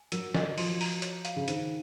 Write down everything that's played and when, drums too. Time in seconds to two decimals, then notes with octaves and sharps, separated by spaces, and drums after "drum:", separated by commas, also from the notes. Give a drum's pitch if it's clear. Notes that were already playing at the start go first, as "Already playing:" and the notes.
Already playing: G#5
0.12 F#3 A#4, drum: hi-hat
0.35 D#5, drum: snare
0.58 F3 F#4, drum: open hi-hat
0.81 A#5, drum: open hi-hat
1.02 C#5, drum: hi-hat
1.25 F5, drum: hi-hat
1.36 C#3
1.48 D#3 C5, drum: hi-hat